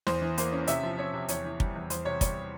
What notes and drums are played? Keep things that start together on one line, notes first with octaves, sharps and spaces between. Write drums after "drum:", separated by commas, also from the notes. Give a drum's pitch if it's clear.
E2 C5, drum: snare
E3
A#3 C5, drum: hi-hat
C#4
C3 E5, drum: hi-hat
F3
C4 C#5
C3
E2 C#5, drum: hi-hat
E3
G3, drum: kick
E2
E2 C5, drum: hi-hat
C3 C#5
G3 C#5, drum: kick, hi-hat